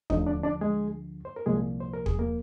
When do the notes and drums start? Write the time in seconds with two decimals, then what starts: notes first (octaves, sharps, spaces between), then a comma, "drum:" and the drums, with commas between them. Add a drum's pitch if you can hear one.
0.10 D2 D3 F3 D#4 D#5, drum: kick
0.27 D4 D5
0.44 D4 D5
0.61 G#3 G#4
1.25 C5
1.36 A#4
1.46 C2 A#2 F3 G#3 G#4
1.80 C5
1.94 A#4
2.06 G#4, drum: kick
2.19 A#3 A#4